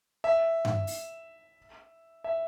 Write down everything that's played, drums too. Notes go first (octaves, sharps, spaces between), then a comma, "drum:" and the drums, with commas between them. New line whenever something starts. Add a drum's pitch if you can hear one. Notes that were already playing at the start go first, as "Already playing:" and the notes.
E5
drum: tom G2
drum: open hi-hat
E5